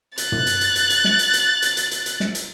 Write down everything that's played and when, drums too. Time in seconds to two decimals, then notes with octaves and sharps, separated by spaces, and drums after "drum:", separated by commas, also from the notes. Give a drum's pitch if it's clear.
0.18 F#6 A6, drum: hi-hat
0.32 drum: tom
0.46 drum: hi-hat
0.61 drum: hi-hat
0.75 drum: hi-hat
0.90 drum: hi-hat
1.04 drum: snare
1.19 drum: hi-hat
1.33 drum: hi-hat
1.62 drum: hi-hat
1.77 drum: hi-hat
1.91 drum: hi-hat
2.06 drum: hi-hat
2.20 drum: snare
2.35 drum: hi-hat